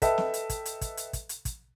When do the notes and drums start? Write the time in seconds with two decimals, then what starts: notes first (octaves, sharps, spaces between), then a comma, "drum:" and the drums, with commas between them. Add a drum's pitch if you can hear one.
0.02 A4 B4 D#5 E5 G5 A5, drum: kick, hi-hat
0.18 drum: snare
0.34 drum: hi-hat
0.50 drum: kick, hi-hat
0.65 drum: hi-hat
0.81 drum: kick, hi-hat
0.97 drum: hi-hat
1.13 drum: kick, hi-hat
1.29 drum: hi-hat
1.45 drum: kick, hi-hat